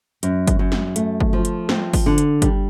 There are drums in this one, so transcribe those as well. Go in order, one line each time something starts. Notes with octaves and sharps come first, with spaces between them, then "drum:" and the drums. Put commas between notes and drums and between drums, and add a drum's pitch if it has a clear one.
F#2, drum: hi-hat
drum: kick, hi-hat
F#2
drum: snare
A3, drum: hi-hat
drum: kick
F3
drum: hi-hat
C4, drum: snare
drum: kick, open hi-hat
D3
drum: hi-hat
G3, drum: kick, hi-hat